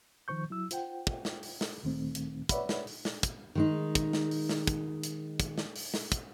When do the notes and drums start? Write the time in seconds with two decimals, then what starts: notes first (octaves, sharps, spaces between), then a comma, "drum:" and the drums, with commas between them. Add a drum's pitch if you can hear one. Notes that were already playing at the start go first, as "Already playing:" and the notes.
0.28 D#3 F3 C5 C#6 G6
0.50 F#3 E4 E6
0.71 F4 C5 F#5 G5, drum: hi-hat
1.07 drum: kick
1.25 drum: snare
1.43 drum: open hi-hat
1.61 drum: snare
1.83 D2 A#2 D#3 A3 C4
2.15 drum: hi-hat
2.49 B4 C#5 D5 E5 F#5 B5, drum: kick, hi-hat
2.69 drum: snare
2.87 drum: open hi-hat
3.05 drum: snare
3.23 drum: kick, hi-hat
3.55 D#3 G#3 D#4
3.95 drum: kick, hi-hat
4.13 drum: snare
4.31 drum: open hi-hat
4.49 drum: snare
4.67 drum: kick, hi-hat
5.04 drum: hi-hat
5.40 drum: kick, hi-hat
5.58 drum: snare
5.76 drum: open hi-hat
5.94 drum: snare
6.12 drum: kick, hi-hat